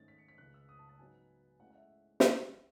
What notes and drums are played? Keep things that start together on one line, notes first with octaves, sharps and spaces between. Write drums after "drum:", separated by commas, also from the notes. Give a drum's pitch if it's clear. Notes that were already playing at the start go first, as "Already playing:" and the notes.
Already playing: G#2 D#3 A3 C#4 A6
B6
C#7
B6
C#2 C#3 G#3 F#6
E6
D#6
A5
A5
G#2 F#3 B3 D#4 G#5
A2 G#3 C#4 F#5
F#5
E5
drum: snare